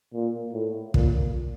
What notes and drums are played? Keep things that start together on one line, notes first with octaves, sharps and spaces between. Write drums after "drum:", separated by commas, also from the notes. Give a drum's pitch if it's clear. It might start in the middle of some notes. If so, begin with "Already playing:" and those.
A#2
A2
A#2, drum: kick